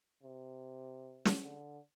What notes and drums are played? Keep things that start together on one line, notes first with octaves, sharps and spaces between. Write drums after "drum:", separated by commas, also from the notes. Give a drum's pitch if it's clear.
C3
drum: snare
D3